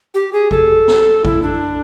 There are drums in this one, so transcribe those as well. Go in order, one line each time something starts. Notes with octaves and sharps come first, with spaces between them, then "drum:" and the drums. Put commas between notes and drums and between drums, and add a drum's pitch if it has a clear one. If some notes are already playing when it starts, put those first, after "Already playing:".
G4
G#4
A4, drum: kick A1
drum: snare
E4, drum: kick A1
D4